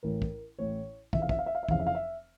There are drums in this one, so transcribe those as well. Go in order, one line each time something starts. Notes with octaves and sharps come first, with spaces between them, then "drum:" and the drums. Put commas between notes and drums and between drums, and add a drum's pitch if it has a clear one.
A1 A2 E3 A#4
drum: kick
A1 A2 E3 C#5
F1 F2 C#3 E3 E5, drum: kick
F5
E5, drum: kick
F5
E5
F5
E5
F1 F2 C#3 E3 F5, drum: kick
E5
F5
E5